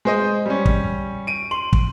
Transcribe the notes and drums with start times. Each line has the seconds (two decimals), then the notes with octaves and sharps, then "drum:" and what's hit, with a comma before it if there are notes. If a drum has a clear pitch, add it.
0.05 G#3 C5 D#5
0.46 G3 C#4
0.65 drum: kick
1.27 D7 D#7
1.51 C6 F#7
1.73 drum: kick